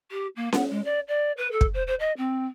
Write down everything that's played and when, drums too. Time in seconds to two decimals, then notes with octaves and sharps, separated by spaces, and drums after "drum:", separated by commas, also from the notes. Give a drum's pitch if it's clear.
0.11 G4
0.36 A#3
0.52 B3, drum: snare C#4
0.71 G#3
0.85 D5
1.08 D5
1.37 B4
1.52 A4
1.61 drum: kick
1.74 C5
1.87 C5
2.00 D#5
2.17 C4